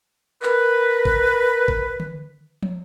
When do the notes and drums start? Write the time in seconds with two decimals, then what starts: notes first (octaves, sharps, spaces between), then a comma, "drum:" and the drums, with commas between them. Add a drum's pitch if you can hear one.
0.43 A#4 B4, drum: clap
1.05 drum: kick G#1
1.68 drum: kick G#1
2.00 drum: tom D3
2.63 drum: tom